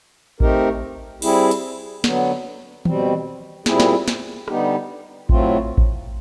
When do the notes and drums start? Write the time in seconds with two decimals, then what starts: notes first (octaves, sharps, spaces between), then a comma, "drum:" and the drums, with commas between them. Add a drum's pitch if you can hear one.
0.40 A3 C4 D#4 G4 A#4, drum: kick A1
1.22 G3 C4 E4 G#4, drum: cymbal
1.51 drum: hi-hat
2.04 D3 F#3 B3, drum: snare
2.85 B2 G3 C4, drum: tom D#3
3.66 A#2 G3 C4 E4 G#4, drum: snare
3.80 drum: snare
4.08 drum: snare
4.48 D3 G3 B3 D#4 G4, drum: rim click
5.29 A2 F#3 A3 C4 F4, drum: kick A1
5.78 drum: kick A1